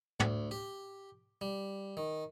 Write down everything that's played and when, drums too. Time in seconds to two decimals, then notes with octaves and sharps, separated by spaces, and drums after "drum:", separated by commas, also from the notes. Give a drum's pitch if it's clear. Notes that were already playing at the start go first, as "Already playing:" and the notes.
0.20 D2, drum: tom
0.51 G4
1.41 G3
1.97 D#3